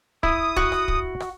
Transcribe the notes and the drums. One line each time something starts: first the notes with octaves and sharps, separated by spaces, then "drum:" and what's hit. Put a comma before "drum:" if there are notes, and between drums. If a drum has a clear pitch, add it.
E4 D#6, drum: kick
F#4, drum: kick
drum: rim click
drum: kick
drum: rim click